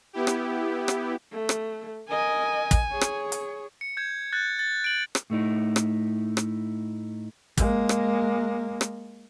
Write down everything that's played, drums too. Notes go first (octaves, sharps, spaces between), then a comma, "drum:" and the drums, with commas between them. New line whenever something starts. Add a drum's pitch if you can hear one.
B3 E4 G4
drum: rim click
drum: rim click
A3
drum: rim click
A#4 D#5 G#5
drum: kick, hi-hat
G#4 C#5
drum: rim click
drum: hi-hat
C#7
G6 G#6
F#6 G6 A6
A6
D7 F#7
drum: rim click
A2 A3 D#4 E4
drum: rim click
drum: rim click
G#3 A#3, drum: kick, hi-hat
drum: rim click
drum: rim click